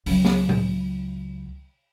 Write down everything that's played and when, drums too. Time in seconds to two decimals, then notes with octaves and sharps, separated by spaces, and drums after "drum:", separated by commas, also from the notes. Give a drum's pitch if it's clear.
0.06 C#2 F#3, drum: open hi-hat
0.25 drum: snare
0.49 drum: tom A2